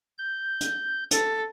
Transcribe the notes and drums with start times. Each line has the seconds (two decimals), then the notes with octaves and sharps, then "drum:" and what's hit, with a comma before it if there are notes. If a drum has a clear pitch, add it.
0.18 G6
0.61 drum: hi-hat
1.11 A4, drum: hi-hat